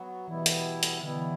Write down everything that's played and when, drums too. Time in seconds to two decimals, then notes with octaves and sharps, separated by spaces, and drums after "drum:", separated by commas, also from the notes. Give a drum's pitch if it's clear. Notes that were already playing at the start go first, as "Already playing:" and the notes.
Already playing: F#3 B3 F#4
0.28 B2 E3 G3 B3 E4
0.46 drum: hi-hat
0.83 drum: hi-hat
1.01 B2 D3 G3 B3 E4
1.16 E3